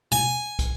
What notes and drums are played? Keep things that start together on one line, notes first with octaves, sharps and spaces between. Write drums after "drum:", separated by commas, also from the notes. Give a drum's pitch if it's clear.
G#5
drum: kick, hi-hat